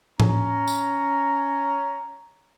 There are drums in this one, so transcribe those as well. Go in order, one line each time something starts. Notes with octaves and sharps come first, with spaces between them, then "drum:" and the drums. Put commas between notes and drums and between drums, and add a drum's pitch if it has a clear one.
C#4 A#5, drum: tom A2
drum: tambourine